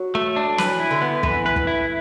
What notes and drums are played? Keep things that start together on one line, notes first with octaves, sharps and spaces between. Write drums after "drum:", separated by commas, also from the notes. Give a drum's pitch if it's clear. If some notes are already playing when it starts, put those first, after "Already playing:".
Already playing: F#3
A3
D4
E3 B4, drum: snare
E4
D3
B3
E3 B4, drum: kick
B4
drum: kick
E4